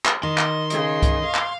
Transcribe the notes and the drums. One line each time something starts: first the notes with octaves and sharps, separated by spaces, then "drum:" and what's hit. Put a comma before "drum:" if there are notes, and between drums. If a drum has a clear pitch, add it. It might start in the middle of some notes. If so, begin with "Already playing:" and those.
drum: clap
D#3 D#5 C6
drum: clap
C#3 D#5, drum: hi-hat
drum: kick C2, hi-hat
F5
drum: clap